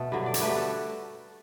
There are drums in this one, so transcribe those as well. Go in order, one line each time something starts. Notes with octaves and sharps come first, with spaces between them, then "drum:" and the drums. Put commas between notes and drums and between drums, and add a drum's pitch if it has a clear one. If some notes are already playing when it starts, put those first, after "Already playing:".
Already playing: B2 A3 A4
G2 D3 F#3
D5
C#5, drum: hi-hat
G2 D3 A3 G4 B4
F#4 A4